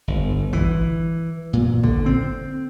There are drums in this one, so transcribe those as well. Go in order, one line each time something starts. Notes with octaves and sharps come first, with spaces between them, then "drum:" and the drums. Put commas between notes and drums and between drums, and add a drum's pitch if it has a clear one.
G1
E3, drum: kick G#1
A#2
D3, drum: kick G#1
C4